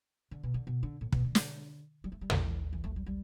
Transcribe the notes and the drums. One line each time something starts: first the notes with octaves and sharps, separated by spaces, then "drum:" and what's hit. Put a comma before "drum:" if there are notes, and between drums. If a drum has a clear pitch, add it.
D3
B2
D3
B2
D3
A2
B2, drum: kick
D3
drum: snare
G3
A3
G3
E3, drum: tom
E3
A3
G3
G3